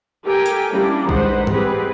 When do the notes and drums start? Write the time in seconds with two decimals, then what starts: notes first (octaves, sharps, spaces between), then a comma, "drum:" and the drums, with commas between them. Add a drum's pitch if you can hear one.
0.25 G4 A4 A#4 G5 G#5
0.46 drum: hi-hat
0.71 G3 A#3 C#4 D4 E4
1.09 D#3 G#3 B4 C5 F#5, drum: kick A#1
1.47 G3 G#3 C4 G4 G#4 B4, drum: tom